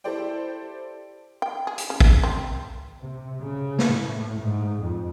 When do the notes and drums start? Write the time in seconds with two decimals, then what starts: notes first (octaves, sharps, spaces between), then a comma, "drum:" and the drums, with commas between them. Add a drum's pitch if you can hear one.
0.04 E4 G4 A4 C5 D5 G5
1.42 G5
1.67 G#4
1.78 drum: hi-hat
1.90 C#3
2.00 drum: kick
2.24 C4
3.01 C3
3.41 C#3
3.79 drum: snare
3.92 A2
4.42 G#2
4.81 F2